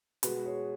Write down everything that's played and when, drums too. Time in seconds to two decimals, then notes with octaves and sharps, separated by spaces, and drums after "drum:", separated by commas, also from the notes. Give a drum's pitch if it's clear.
0.23 B2 G#3 F#4 B4, drum: hi-hat
0.46 G#4 C#5